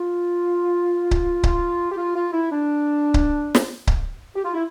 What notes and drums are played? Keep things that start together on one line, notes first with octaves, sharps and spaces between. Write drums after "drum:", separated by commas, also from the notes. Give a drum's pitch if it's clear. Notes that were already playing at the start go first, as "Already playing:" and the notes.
Already playing: F4
drum: kick C#1
F4, drum: kick C#1
G4
F4
F4
E4
D4
drum: kick C#1
drum: snare
drum: kick C#1
G4
F4
E4